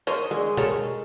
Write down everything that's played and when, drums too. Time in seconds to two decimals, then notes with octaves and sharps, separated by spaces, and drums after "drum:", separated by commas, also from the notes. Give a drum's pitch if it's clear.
0.07 A#4 C5 C#5 D#5 C6, drum: hi-hat
0.31 D3 G#3
0.57 A4 A#4 C#5, drum: tom B2